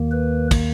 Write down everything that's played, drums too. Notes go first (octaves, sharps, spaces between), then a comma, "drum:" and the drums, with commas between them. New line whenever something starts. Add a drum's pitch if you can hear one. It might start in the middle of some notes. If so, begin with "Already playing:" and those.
Already playing: D#2 D#3 A#3
B4
drum: kick, cymbal